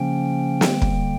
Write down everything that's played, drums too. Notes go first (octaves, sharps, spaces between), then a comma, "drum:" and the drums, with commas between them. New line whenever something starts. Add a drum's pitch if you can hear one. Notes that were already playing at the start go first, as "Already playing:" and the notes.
Already playing: C#3 F3 A#3 C#4 G5
D3 G3 A#3, drum: snare
drum: kick